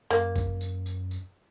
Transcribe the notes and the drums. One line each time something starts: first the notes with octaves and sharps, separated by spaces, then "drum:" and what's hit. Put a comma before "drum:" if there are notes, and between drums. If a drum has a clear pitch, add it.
F#2 A#3, drum: tambourine
drum: kick G#1, tambourine
drum: tambourine
drum: tambourine
drum: tambourine